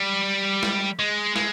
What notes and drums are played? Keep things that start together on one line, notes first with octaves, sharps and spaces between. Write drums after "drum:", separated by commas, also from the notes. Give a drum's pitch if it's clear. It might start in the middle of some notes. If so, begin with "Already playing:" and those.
Already playing: G3
drum: snare
G#3
G#3, drum: snare